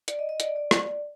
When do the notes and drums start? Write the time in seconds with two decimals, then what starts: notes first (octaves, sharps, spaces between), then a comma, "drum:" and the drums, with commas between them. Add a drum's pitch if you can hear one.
0.08 D5, drum: hi-hat
0.19 D#5
0.29 D#5
0.40 D5, drum: hi-hat
0.56 D5
0.71 drum: rim click